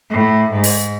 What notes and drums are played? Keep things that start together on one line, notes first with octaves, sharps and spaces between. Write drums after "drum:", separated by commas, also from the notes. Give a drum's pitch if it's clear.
A2
G#2
drum: open hi-hat